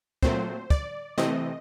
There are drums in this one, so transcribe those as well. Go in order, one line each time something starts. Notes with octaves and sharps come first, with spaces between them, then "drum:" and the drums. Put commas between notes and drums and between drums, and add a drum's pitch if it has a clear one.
A#2 F#3 A3 C4 C5, drum: kick
D5, drum: kick
C3 E3 A3 C4 D#5, drum: snare